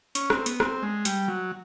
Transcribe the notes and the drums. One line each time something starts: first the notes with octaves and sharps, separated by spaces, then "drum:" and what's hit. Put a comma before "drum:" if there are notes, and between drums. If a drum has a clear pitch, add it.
C#4, drum: hi-hat
C4, drum: rim click
B3, drum: hi-hat
C4, drum: rim click
G#3
G3, drum: hi-hat
F#3